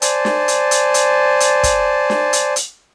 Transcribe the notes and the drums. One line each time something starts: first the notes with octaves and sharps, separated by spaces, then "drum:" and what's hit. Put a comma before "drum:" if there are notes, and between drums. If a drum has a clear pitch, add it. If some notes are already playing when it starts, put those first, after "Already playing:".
C5 D5 G#5 A5, drum: hi-hat
drum: snare
drum: hi-hat
drum: hi-hat
drum: hi-hat
drum: hi-hat
drum: kick, hi-hat
drum: snare
drum: hi-hat
drum: hi-hat